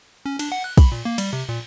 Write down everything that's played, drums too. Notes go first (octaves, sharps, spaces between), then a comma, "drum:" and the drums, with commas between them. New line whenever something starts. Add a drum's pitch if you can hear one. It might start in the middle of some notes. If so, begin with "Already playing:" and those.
C#4
D4, drum: cymbal
F#5
F#6
B5, drum: kick, cymbal
A#2
A#3
G3, drum: cymbal
C3
A#2